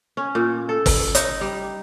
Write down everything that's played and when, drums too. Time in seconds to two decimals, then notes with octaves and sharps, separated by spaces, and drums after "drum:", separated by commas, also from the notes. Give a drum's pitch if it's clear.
0.17 C#4
0.35 A#2
0.69 A4
0.86 drum: kick, open hi-hat
1.15 D#4, drum: hi-hat
1.41 G3